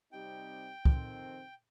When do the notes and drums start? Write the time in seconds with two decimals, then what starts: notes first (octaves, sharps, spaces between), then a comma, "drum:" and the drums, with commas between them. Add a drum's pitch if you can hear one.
0.12 C3 G3 C4 D#4 G4 G5
0.85 F2 D#3 C4, drum: kick